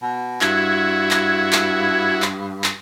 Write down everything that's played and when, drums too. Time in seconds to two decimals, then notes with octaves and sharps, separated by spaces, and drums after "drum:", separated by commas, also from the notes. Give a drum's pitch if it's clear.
0.02 B2
0.41 G2 E4 F#4 G#6, drum: clap
1.11 drum: clap
1.53 drum: clap
2.22 drum: clap
2.64 drum: clap